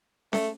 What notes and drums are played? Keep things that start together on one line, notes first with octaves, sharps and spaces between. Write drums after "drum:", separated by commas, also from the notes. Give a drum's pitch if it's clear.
A3, drum: snare C#4